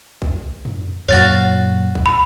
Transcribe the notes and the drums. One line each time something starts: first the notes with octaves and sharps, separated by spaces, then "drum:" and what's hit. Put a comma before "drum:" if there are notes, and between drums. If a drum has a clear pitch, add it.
drum: kick
drum: tom
F#2 A#2 F#3 F#4 C#5 F5 A6
drum: kick
B5